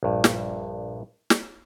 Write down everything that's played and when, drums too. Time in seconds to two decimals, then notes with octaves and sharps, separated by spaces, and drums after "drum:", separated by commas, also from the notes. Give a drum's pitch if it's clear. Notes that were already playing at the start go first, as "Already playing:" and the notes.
0.03 A#1 G2
0.24 drum: snare
1.30 drum: snare